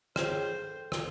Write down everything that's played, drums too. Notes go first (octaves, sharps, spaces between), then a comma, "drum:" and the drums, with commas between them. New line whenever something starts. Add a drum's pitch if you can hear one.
G#4 C5 C#5 G5, drum: rim click
A4
drum: rim click